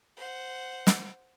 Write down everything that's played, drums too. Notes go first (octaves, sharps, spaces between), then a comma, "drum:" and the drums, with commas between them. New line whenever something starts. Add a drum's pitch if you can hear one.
C5 F#5
drum: snare